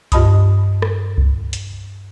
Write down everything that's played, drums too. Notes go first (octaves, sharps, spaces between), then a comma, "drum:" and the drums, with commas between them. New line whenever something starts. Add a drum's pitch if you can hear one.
G2 F4 D#5 A5 B5 D#6, drum: kick C2, hi-hat
drum: rim click
drum: kick C2
drum: hi-hat